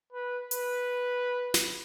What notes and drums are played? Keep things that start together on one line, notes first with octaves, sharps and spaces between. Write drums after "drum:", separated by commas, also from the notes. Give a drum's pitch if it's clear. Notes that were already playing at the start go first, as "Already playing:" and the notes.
B4
B4, drum: hi-hat
drum: snare